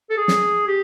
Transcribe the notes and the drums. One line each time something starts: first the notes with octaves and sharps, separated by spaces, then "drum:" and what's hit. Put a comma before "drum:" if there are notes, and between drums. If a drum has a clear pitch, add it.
A4
G#4
drum: snare
G4